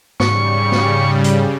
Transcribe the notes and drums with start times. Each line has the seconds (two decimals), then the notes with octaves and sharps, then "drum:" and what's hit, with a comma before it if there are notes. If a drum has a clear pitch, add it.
0.20 G#2 C#3 G3 C#6, drum: snare
0.72 drum: snare
1.24 drum: hi-hat